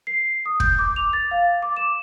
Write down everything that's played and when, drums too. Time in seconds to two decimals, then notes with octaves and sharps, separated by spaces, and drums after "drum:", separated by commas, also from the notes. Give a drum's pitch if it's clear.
0.07 C7
0.46 D#6
0.60 G6, drum: kick
0.79 D6
0.96 F7
1.13 A6
1.31 F5
1.62 D6
1.77 E7